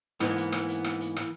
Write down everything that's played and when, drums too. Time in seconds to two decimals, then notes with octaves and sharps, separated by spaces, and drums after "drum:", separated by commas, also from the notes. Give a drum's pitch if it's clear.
0.20 G#2 E3 A#3 B3, drum: rim click
0.36 drum: hi-hat
0.52 drum: rim click
0.68 drum: hi-hat
0.84 drum: rim click
1.00 drum: hi-hat
1.16 drum: rim click